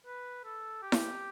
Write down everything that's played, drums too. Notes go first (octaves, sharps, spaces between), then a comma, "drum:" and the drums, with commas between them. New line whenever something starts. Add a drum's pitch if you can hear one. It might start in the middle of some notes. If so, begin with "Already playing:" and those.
B4
A4
G4
drum: snare E4